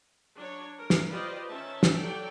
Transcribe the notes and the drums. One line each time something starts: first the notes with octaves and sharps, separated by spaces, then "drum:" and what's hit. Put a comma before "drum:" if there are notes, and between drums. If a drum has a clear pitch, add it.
F#3 D4 C#5
A#4
drum: snare
F4 G4 B4 C5 D5 D#5
D#3 C#4 E5 A5
drum: snare
F#3 G4 A4 D5 G5